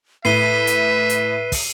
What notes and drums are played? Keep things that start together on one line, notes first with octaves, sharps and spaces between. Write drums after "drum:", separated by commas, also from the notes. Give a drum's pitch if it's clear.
A2 B4 E5 C7 D#7 G7
drum: hi-hat
drum: hi-hat
drum: kick, open hi-hat